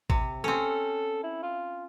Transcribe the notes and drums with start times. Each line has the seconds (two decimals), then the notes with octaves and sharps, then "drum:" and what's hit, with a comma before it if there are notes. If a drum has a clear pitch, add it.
0.10 C3, drum: kick
0.44 C4 C#4 A4
1.23 E4
1.43 F4